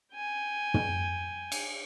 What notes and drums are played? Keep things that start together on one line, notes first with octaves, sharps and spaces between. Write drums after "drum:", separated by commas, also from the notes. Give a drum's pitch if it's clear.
G5 G#5
drum: tom
drum: cymbal